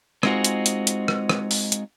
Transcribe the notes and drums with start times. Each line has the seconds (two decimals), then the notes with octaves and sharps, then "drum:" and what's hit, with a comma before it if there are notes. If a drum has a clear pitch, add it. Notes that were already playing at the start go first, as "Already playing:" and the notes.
0.23 G#3 C4 D#4 F4 F#4 G#4, drum: rim click
0.44 drum: hi-hat
0.66 drum: hi-hat
0.87 drum: hi-hat
1.08 drum: rim click
1.29 drum: rim click
1.51 drum: open hi-hat
1.72 drum: hi-hat